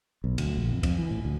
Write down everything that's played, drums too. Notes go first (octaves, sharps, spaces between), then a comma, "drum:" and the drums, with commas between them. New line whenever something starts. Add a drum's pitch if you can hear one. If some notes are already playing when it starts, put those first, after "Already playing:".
B1
D2, drum: cymbal
A#1
F2
F2, drum: kick, cymbal
E3
A2
D2